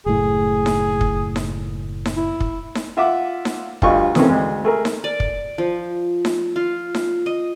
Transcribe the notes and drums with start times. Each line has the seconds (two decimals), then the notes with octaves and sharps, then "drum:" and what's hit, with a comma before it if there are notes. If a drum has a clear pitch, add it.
0.06 F#1 A2 G#4
0.66 drum: snare D#4
1.01 drum: kick
1.36 drum: snare D#4
2.06 drum: snare D#4
2.16 E4
2.40 drum: kick
2.75 drum: snare D#4
2.97 F4 E5 F#5 D6
3.45 drum: snare D#4
3.82 D2 G2 D3 F4 D#5 C#6, drum: kick
4.15 C3 D#3 E3 A3 C4 C#4, drum: snare D#4
4.29 D2 G#3
4.64 A3 G#4 A#4
4.85 drum: snare D#4
5.04 D5
5.20 drum: kick
5.58 F3
6.25 drum: snare D#4
6.56 F4
6.95 drum: snare D#4
7.26 D#5